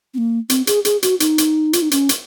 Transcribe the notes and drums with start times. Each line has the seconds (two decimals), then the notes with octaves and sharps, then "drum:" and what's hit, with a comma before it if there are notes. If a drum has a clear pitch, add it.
0.14 C4
0.18 A#3
0.50 C4, drum: hi-hat
0.67 G#4, drum: hi-hat
0.85 G#4, drum: hi-hat
1.03 F#4, drum: hi-hat
1.20 D#4, drum: hi-hat
1.38 drum: hi-hat
1.73 F4, drum: hi-hat
1.82 D#4
1.91 C#4, drum: hi-hat
2.09 drum: hi-hat